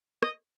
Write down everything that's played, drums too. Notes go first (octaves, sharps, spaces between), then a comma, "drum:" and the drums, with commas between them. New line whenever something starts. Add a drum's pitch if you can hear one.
D#5, drum: rim click